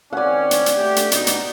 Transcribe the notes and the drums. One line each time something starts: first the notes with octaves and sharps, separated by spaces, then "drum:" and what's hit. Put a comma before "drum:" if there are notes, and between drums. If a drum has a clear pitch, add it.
D#3 C4 C#4 D5 F#5
drum: hi-hat
drum: hi-hat
A3 G4
drum: hi-hat
B2 D#4, drum: hi-hat
drum: hi-hat